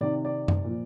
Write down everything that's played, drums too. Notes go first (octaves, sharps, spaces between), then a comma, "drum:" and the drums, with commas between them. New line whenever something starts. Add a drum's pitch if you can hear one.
C3 D#3 D5
D5
drum: tom F#2
A#2 F3